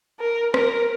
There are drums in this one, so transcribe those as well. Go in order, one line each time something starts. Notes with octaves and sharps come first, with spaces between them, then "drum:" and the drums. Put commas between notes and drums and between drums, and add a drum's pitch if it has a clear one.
A#4
A#4, drum: rim click